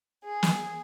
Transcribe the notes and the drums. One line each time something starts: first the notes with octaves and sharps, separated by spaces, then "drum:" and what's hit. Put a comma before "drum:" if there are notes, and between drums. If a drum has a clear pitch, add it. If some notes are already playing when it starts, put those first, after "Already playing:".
G#4
drum: snare